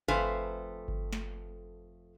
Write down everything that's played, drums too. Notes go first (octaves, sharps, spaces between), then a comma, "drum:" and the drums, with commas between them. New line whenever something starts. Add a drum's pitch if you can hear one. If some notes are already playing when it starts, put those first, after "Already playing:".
F2 A3 B4 C5 F5 G#5, drum: kick G1
drum: kick G1
drum: snare